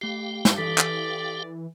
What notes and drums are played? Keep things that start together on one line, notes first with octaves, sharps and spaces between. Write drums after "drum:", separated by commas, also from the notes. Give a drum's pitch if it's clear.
A3 G4 F5 G5 C7
drum: snare
E3 A4 D5 B6
drum: clap